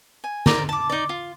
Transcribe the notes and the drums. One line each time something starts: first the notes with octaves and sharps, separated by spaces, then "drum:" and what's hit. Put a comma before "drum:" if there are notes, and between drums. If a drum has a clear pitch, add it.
G#5
A#4 C5 D5, drum: snare
A5 D6
D#4 D5
F4